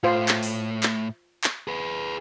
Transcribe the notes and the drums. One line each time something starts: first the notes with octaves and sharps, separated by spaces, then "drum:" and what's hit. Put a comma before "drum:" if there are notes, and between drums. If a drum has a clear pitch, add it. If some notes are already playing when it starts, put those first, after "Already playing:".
A2 F4 C5
drum: clap
drum: open hi-hat
drum: clap
drum: clap
G#4 B4